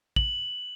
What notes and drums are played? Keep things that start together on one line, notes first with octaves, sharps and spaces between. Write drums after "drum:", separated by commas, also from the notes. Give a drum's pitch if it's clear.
F#7, drum: kick